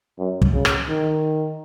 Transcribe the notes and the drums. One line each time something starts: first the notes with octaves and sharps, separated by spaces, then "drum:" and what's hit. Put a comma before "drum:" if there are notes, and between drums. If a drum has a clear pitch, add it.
F#2
drum: kick
C#3
drum: rim click
D#3